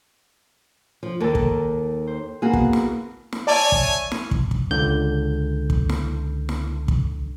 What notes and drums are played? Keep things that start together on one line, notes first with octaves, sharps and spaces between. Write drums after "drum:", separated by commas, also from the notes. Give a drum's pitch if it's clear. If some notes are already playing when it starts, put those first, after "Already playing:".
F3
D#2 D#3 A4 A#4 A5
drum: kick
C5
A#3 B3 F#4 G#4
drum: kick
drum: snare
drum: snare
C#5 D5 E5 G#5 A5
drum: kick
drum: snare
drum: kick
drum: kick
C#2 D3 G6
drum: kick
drum: snare
drum: snare
drum: kick